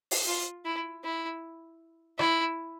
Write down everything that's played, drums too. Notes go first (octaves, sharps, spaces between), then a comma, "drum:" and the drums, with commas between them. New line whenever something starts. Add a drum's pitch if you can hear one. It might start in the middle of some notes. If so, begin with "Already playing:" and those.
drum: open hi-hat
F4
E4
E4
E4, drum: rim click